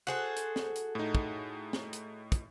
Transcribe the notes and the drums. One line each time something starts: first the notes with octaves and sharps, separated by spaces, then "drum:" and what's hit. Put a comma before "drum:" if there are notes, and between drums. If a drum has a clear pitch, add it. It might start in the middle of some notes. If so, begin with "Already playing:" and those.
F#4 G#4 A4 C5 F#6
drum: hi-hat
drum: snare
drum: hi-hat
A2 D#4
drum: kick
drum: snare
drum: hi-hat
drum: kick, hi-hat